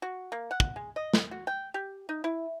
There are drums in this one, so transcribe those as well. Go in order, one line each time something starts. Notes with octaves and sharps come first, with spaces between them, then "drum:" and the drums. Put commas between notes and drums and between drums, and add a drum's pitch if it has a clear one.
F#4
A#3
F#5
drum: kick
G#3
D#5
drum: snare
F#4
G5
G4
D#4
E4